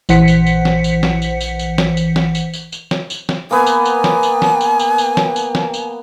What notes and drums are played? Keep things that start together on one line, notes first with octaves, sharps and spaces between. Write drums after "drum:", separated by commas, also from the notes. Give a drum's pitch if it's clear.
A#1 E3 C5 F#5 B6 C#7, drum: tambourine
drum: tambourine
drum: tambourine
drum: snare
drum: tambourine
drum: snare
drum: tambourine
drum: tambourine
drum: tambourine
drum: snare
drum: tambourine
drum: snare
drum: tambourine
drum: tambourine
drum: tambourine
drum: snare
drum: tambourine
drum: snare
A#3 B3 G#5
drum: tambourine
drum: tambourine
drum: snare
drum: tambourine
drum: snare
drum: tambourine
drum: tambourine
drum: tambourine
drum: snare
drum: tambourine
drum: snare
drum: tambourine